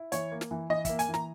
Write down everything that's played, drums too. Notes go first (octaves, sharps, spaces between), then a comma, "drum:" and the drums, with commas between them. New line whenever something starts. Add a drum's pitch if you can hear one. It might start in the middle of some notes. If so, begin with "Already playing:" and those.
Already playing: E4
E3 C#5, drum: hi-hat
A#3
drum: snare
E3
E3 D#5
A#3 E5, drum: kick, hi-hat
G#5, drum: hi-hat
E3
A#5, drum: snare